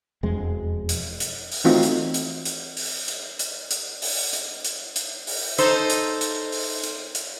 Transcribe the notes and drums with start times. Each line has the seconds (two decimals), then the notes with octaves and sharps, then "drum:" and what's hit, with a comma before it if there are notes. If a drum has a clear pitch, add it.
0.23 E1 F2 G#3
0.89 drum: hi-hat
1.20 drum: hi-hat
1.52 drum: open hi-hat
1.64 E3 A3 C4 D#4 F4 F#4
1.83 drum: hi-hat
2.14 drum: hi-hat
2.45 drum: hi-hat
2.77 drum: open hi-hat
3.08 drum: hi-hat
3.39 drum: hi-hat
3.71 drum: hi-hat
4.02 drum: open hi-hat
4.33 drum: hi-hat
4.65 drum: hi-hat
4.96 drum: hi-hat
5.27 drum: open hi-hat
5.58 D#4 A4 C5, drum: hi-hat
5.90 drum: hi-hat
6.21 drum: hi-hat
6.52 drum: open hi-hat
6.84 drum: hi-hat
7.15 drum: hi-hat